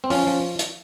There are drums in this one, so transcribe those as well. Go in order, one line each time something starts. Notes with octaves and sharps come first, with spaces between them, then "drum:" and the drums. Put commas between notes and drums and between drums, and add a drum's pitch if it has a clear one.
C4
F3 C#4, drum: open hi-hat
F3
drum: hi-hat